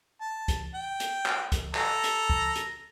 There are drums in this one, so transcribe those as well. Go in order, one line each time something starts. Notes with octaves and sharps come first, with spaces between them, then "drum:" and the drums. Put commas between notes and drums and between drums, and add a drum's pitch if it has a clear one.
A5
drum: kick C#2, hi-hat
G5
drum: hi-hat
drum: clap
drum: kick C#2, hi-hat
A4 A#5, drum: clap
drum: hi-hat
drum: kick C#2
drum: hi-hat